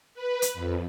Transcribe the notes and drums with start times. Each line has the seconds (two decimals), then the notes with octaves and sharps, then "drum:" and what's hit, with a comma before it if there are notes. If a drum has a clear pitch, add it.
0.14 B4
0.42 drum: hi-hat
0.54 F2